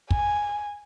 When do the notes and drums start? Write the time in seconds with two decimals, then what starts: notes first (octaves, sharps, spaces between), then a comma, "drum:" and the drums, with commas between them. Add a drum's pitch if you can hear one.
0.11 G#5, drum: kick